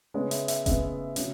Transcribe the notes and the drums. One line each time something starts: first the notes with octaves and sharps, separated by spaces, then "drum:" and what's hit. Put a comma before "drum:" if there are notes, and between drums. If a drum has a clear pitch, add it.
C#3 G#3 B3 C#5
E5, drum: hi-hat
E5, drum: hi-hat
C#3 G#3 B3 E5, drum: kick F1, hi-hat
C#3 F#3 E5, drum: hi-hat